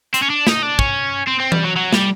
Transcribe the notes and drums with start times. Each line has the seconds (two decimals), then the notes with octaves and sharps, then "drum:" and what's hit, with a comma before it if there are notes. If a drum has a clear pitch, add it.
0.14 C4, drum: hi-hat
0.22 C#4
0.30 D4
0.47 D#4, drum: snare
0.63 D4
0.79 C#4, drum: kick
1.28 C4
1.40 C4
1.52 G3, drum: tom E3
1.64 F#3
1.76 F#3
1.93 G3, drum: snare